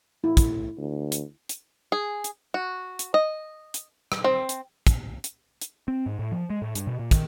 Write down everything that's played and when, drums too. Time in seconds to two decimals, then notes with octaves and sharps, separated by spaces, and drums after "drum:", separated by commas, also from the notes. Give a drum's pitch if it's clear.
0.24 A2 E4
0.37 drum: kick, hi-hat
0.78 D2
1.12 drum: hi-hat
1.49 drum: hi-hat
1.92 G#4
2.24 drum: hi-hat
2.54 F#4
2.99 drum: hi-hat
3.14 D#5
3.74 drum: hi-hat
4.12 drum: rim click
4.24 C4
4.49 drum: hi-hat
4.87 drum: kick, hi-hat
5.24 drum: hi-hat
5.61 drum: hi-hat
5.88 C4
6.06 G#2
6.19 A2
6.32 F3
6.50 G#3
6.62 A2
6.75 G2, drum: hi-hat
6.87 B2
6.99 A#2
7.11 D#3, drum: kick, hi-hat